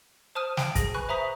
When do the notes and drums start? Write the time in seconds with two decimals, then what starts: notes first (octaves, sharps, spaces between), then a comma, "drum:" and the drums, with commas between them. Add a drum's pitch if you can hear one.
0.35 C5 A5 D#6 F6 D#7
0.57 G5 D7, drum: snare
0.75 G#4 A#6, drum: kick, hi-hat
0.94 B4 G#5 B5 C#6 F#6
1.09 C5 E5 A#5 B5 D#6 B6